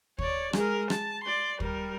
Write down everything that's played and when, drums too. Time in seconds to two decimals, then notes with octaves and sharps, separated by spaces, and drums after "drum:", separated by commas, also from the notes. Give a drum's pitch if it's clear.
0.18 C#5 D5, drum: kick
0.53 G#3 A#4, drum: rim click
0.90 A5, drum: rim click
1.23 D5 C6
1.60 G3 A#4, drum: kick